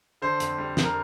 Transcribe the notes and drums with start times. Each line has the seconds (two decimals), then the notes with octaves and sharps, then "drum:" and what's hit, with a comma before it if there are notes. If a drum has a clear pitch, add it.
0.22 D3 C5
0.40 F2, drum: hi-hat
0.58 G3
0.77 F2, drum: snare
0.83 A#4